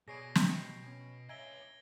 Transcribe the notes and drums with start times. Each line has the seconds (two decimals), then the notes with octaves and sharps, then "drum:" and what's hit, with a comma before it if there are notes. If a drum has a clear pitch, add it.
0.08 B2 G#4 C#5 D5 A#6 C7 D7
0.35 drum: snare
0.45 G5 C#6
0.84 C#4 G#5
1.29 C#5 D#5 E5 G#5 A#5 G#6 D7 G7